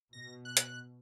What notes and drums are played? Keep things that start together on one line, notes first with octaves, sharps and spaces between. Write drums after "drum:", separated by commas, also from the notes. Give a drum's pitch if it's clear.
B2 A#6
F#6
drum: hi-hat